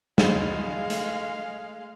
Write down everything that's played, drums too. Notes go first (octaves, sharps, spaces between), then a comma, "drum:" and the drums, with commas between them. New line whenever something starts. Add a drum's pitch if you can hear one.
G#3 G#4 D#5 F5 B5, drum: snare
A3, drum: hi-hat